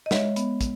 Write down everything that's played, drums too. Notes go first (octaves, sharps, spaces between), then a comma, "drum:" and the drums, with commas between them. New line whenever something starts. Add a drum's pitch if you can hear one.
D#5
G#3 C#5 E5, drum: snare
B3, drum: hi-hat
drum: kick, hi-hat